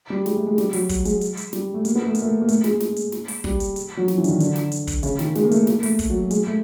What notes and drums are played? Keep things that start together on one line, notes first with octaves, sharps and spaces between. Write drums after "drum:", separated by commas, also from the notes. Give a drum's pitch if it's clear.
G3
G#3, drum: snare
A3
G#3
G3, drum: snare
F#3, drum: open hi-hat
drum: kick, hi-hat
G#3, drum: hi-hat
drum: hi-hat
drum: hi-hat
G3, drum: snare
A3
A#3, drum: hi-hat
B3
A3
A#3, drum: hi-hat
A3
A#3
A3, drum: hi-hat
G#3, drum: snare
drum: snare
drum: hi-hat
drum: snare
drum: open hi-hat
G3, drum: kick
drum: hi-hat
drum: hi-hat
F#3
F3, drum: snare
E3
D3, drum: hi-hat
D#3
D3, drum: hi-hat
drum: snare
drum: hi-hat
drum: kick, hi-hat
C#3, drum: hi-hat
D#3, drum: snare
G#3, drum: snare
A#3
A3, drum: hi-hat
A#3, drum: snare
A3, drum: open hi-hat
drum: kick, hi-hat
F#3
G#3, drum: hi-hat
A3